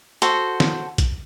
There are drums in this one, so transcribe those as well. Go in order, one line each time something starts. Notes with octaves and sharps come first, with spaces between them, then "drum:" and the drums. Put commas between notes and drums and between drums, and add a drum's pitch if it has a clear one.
F#4 A4 C5, drum: hi-hat
drum: snare
drum: kick, hi-hat